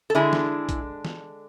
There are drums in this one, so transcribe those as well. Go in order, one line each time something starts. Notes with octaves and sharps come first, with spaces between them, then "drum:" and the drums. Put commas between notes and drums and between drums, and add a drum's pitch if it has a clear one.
A4
D3 G#3 D4 E4 G#4
drum: snare
drum: kick A#1, hi-hat
drum: snare